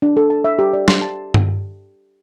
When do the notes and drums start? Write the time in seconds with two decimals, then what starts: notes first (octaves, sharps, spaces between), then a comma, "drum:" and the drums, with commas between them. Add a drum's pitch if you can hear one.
0.02 D4
0.17 A4
0.30 A5
0.44 E5
0.59 G4
0.73 D5
0.88 C6, drum: snare
1.02 A5
1.34 drum: tom G2